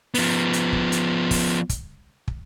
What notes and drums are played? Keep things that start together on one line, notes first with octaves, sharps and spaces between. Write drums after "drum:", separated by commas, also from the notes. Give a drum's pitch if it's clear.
F3 B3, drum: open hi-hat
drum: hi-hat
drum: kick
drum: hi-hat
drum: kick, open hi-hat
drum: kick, hi-hat
drum: kick